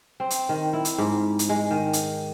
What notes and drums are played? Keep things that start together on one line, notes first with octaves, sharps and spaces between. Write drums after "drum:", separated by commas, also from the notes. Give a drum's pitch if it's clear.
C4
drum: hi-hat
D#3
E4
drum: hi-hat
G#2
drum: hi-hat
G#3
D#3
drum: hi-hat